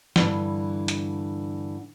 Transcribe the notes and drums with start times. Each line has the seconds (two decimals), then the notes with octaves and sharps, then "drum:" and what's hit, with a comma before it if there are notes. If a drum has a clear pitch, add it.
0.16 G2 D3 E3, drum: snare
0.88 drum: hi-hat